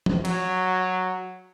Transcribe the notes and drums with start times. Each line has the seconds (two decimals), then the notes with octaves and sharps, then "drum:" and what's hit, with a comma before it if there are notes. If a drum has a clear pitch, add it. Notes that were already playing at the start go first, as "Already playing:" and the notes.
0.06 drum: tom F3
0.25 F#3, drum: cymbal